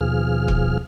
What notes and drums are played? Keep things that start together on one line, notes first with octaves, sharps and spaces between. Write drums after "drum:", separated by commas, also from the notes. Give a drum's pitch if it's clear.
D#2 B2 F3 G#4 F6
drum: kick